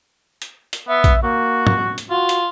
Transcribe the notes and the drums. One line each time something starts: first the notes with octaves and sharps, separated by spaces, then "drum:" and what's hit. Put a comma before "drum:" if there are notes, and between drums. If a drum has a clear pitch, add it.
drum: hi-hat
drum: hi-hat
B3 E5
drum: kick A#1, hi-hat
A#3 F#4
drum: tom
drum: hi-hat
F4 F#4
drum: hi-hat